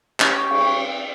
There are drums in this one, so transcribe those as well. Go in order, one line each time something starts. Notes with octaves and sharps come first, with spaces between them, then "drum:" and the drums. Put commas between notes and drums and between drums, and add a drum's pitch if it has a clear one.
C#4 G4, drum: clap
drum: cymbal